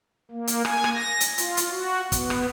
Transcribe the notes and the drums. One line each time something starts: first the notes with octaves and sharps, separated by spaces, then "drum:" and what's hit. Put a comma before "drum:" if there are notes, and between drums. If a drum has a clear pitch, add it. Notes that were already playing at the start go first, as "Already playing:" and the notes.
A#3
drum: hi-hat
G#5, drum: rim click
drum: rim click
A#6
drum: hi-hat
F4, drum: hi-hat
drum: hi-hat
F#4
B3, drum: kick, hi-hat
drum: rim click